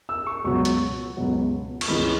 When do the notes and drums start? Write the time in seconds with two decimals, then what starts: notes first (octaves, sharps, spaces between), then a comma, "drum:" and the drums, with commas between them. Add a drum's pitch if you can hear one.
0.09 E6
0.26 C#6
0.44 C#2 B2 F#3 C#6
0.65 drum: hi-hat
1.17 C#2 B2 F#3
1.81 C#6, drum: cymbal
1.88 C#2 C#3 E3 G#3 B5